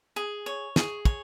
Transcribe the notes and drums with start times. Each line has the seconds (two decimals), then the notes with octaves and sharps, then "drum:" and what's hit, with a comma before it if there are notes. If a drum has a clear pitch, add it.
0.16 G#4
0.46 C#5
0.76 G#4, drum: snare
1.05 C#5, drum: kick